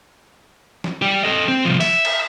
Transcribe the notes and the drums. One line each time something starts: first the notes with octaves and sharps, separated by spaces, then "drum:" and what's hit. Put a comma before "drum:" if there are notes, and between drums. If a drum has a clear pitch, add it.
drum: snare
G3 G4
A4 D#5
C4
C2 F3
E5, drum: open hi-hat
drum: cymbal